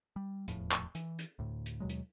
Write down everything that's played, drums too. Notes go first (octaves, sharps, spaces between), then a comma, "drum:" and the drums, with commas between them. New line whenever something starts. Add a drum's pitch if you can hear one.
G3
D#1 E2 A2 F3, drum: hi-hat
drum: clap
E3, drum: hi-hat
drum: hi-hat
D2 A2
drum: hi-hat
D#2 B2 F#3 G#3
drum: hi-hat